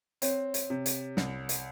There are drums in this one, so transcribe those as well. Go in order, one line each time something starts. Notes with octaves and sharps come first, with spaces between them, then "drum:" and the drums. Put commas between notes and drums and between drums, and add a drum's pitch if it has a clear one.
C4 C#5, drum: hi-hat
drum: hi-hat
C3
drum: hi-hat
C2, drum: snare
drum: hi-hat